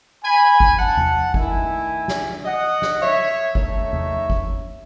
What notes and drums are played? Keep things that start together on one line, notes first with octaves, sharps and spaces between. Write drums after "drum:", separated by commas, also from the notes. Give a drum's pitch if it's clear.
G#5 B5
drum: kick G1
F#5 A5
drum: tom E2
D#3 A3 E4 E5 G#5, drum: kick G1
drum: snare
D#5 F#5
drum: snare
C#5 E5
D#3 A3 D#4 C#5 E5, drum: kick G1
drum: tom E2
drum: kick G1